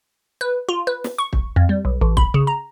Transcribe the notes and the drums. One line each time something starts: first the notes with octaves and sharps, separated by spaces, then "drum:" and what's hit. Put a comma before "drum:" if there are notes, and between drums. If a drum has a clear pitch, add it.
B4
F4
B4
drum: snare
C#6
drum: kick
F2
G3
B1
A1
B5, drum: kick
C#3
A#5